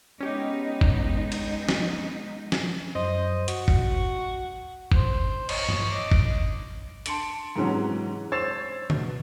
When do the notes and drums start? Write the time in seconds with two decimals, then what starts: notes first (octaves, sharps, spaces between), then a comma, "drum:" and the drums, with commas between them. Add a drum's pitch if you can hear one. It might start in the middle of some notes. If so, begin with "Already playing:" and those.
0.20 G#3 B3 C#4 D#4 G4
0.81 drum: kick
1.32 drum: cymbal
1.69 drum: snare
2.52 drum: snare
2.95 F#2 C5 D#5
3.48 F#4 C#6, drum: hi-hat
3.68 drum: kick
4.92 C5, drum: kick
5.49 C#5 D#5 C#6, drum: cymbal
5.69 drum: tom G2
5.91 D#5 D6
6.11 drum: kick
7.06 A5 C6 C#7 D7 F#7, drum: hi-hat
7.56 G#2 C3 E3 F#3 C#4 F#4
8.32 C5 C#5 E6 A6 C7 E7
8.90 B2, drum: tom C#3